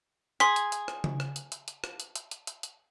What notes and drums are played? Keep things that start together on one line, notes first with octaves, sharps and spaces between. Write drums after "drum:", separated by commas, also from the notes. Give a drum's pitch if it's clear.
G#4 C6 B6, drum: hi-hat
drum: hi-hat
drum: hi-hat
drum: rim click
drum: tom C#3
drum: rim click
drum: hi-hat
drum: hi-hat
drum: hi-hat
drum: rim click
drum: hi-hat
drum: hi-hat
drum: hi-hat
drum: hi-hat
drum: hi-hat